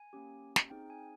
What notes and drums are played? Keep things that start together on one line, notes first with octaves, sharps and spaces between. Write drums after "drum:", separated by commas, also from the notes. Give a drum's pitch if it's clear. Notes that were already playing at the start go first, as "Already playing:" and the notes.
Already playing: G#5
A#3 C#4 G4
drum: snare
C4 D#4 G#4 G5
G#5